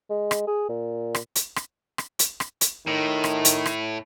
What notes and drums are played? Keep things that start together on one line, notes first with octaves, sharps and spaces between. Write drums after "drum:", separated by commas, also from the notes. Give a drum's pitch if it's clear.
G#3
drum: rim click
G#4
A#2
drum: rim click
drum: hi-hat
drum: rim click
drum: rim click
drum: hi-hat
drum: rim click
drum: hi-hat
A2 D#3
drum: rim click
drum: hi-hat
drum: rim click